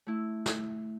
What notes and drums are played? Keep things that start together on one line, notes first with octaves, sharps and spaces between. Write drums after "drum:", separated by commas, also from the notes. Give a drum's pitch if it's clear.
A3 E4
drum: snare